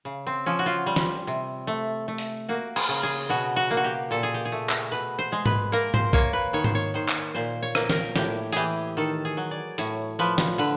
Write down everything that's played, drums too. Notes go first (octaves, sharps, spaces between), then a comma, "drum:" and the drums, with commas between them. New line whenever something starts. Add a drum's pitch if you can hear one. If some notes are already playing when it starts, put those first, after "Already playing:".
C#3
C4
F3 C#4
F#4
F4
G3
drum: snare
C3
A3
A3
drum: open hi-hat
A#3 F#4
G#4, drum: cymbal
C#3
G#4
B2 F#4
F#4
A#3
F#4
G4
A#2 A4
G#4
G4
G#4
A3
drum: clap
B2 B4
C5
G#3
B4, drum: tom G#2
A#3 A#4
C5, drum: tom G#2
A#3 C#5, drum: kick B1
B4
D#3 C#5
C5, drum: tom G#2
C#5
D#3 C5
drum: clap
A#2 C5
C#5
A#3, drum: rim click
A#4, drum: snare
A2 G4, drum: snare
E3 G4 G#4, drum: hi-hat
D#3 A4
G#4
F#3
D5
A2 C#5, drum: hi-hat
F3 B4
drum: snare
D3 B4